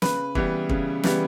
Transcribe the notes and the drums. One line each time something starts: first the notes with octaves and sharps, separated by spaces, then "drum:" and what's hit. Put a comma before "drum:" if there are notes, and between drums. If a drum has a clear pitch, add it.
C#3 B4, drum: snare
E3 G3 B3, drum: kick
C#3, drum: kick
E3 G3 B3, drum: snare